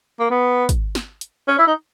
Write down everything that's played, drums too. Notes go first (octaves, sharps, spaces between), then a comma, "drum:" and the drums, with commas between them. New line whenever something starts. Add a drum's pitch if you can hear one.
A#3
B3
drum: kick, hi-hat
drum: snare
drum: hi-hat
C#4
E4
D#4